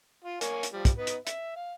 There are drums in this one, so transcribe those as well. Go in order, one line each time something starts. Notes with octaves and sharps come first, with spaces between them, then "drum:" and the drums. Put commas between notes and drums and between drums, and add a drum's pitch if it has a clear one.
F4
A#3 C#5 G#5, drum: hi-hat
drum: hi-hat
F3 G3
drum: kick, hi-hat
B3 D#4 B4
drum: hi-hat
E5, drum: hi-hat
F5